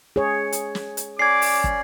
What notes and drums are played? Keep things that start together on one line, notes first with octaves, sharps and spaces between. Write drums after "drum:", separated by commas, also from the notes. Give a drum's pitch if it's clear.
G#4 C#5
drum: hi-hat
drum: snare
drum: hi-hat
C#4 D5 D6 G#6 C7
drum: open hi-hat
drum: kick